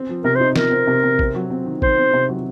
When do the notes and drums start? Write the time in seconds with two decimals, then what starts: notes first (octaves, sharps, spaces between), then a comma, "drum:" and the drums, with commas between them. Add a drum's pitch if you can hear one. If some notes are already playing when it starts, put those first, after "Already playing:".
Already playing: C4
0.09 F3
0.24 C3 A#4
0.35 D#4 C5
0.56 F3 A#4, drum: snare
0.71 C4
0.87 C3
1.03 C3
1.19 C4, drum: kick A1
1.35 F#3
1.50 C4
1.66 D#3
1.82 D#3 C5, drum: kick A1
1.98 C4
2.13 C3
2.29 F#3